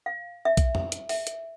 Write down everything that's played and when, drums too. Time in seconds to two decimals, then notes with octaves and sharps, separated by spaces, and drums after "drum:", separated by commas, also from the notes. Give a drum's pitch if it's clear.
0.06 F5
0.45 E5
0.57 drum: kick B1, hi-hat
0.75 drum: tom
0.92 drum: hi-hat
1.09 E5, drum: open hi-hat
1.27 drum: hi-hat